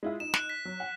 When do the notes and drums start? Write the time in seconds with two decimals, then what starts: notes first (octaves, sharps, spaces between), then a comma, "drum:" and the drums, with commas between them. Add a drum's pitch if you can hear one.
0.03 G#3 E4 F4
0.20 D#4 E7
0.34 F#6, drum: snare
0.49 B6
0.65 F#3
0.80 F#5